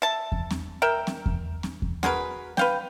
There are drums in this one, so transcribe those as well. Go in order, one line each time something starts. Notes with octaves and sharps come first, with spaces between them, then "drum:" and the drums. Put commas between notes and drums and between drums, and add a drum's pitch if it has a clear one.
E5 A5
drum: kick E2
drum: snare C4
A#4 E5 G5
drum: snare C4
drum: kick E2
drum: snare C4
drum: kick E2
F#4 G#4 A#4 B4, drum: snare C4
B4 F5 G5, drum: snare C4